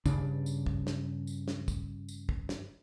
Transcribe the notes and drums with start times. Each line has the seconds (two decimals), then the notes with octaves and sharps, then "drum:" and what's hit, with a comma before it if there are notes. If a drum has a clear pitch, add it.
0.06 G2 C#3 D4, drum: kick, tambourine
0.46 drum: tambourine
0.66 drum: kick
0.87 drum: snare
1.27 drum: tambourine
1.48 drum: snare
1.68 drum: kick, tambourine
2.09 drum: tambourine
2.29 drum: kick
2.49 drum: snare